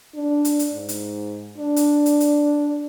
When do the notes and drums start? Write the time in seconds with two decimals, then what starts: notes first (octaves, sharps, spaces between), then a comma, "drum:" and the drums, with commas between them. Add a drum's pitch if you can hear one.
0.15 D4
0.45 drum: hi-hat
0.59 drum: hi-hat
0.73 G#2
0.89 drum: hi-hat
1.58 D4
1.76 drum: hi-hat
2.06 drum: hi-hat
2.20 drum: hi-hat